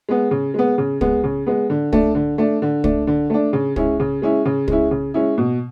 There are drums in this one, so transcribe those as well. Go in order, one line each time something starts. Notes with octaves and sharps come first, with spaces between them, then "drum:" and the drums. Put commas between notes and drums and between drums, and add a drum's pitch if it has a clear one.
G#3 B3
C#3
G#3 B3
C#3
G#3 B3, drum: kick
C#3
G#3 B3
D3
A3 D4, drum: kick
D3
A3 D4
D3
A3 D4, drum: kick
D3
A3 D4
C#3
G#3 C#4 E4, drum: kick
C#3
G#3 C#4 E4
C#3
G#3 C#4 E4, drum: kick
C#3
G#3 C#4 E4
B2